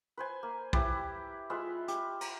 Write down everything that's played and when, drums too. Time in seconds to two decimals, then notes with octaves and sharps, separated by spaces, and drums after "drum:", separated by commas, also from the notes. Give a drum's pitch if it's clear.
0.17 B4 C5 G#5
0.43 A#3
0.73 E4 G4 B4, drum: kick
1.50 G#3 F4 B4 E5
1.88 G4, drum: hi-hat
2.21 A#5, drum: cymbal